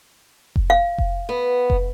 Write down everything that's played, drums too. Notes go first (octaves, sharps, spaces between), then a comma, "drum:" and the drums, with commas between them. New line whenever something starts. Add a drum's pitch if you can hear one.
drum: kick F1
F5
drum: kick F1
B3
drum: kick F1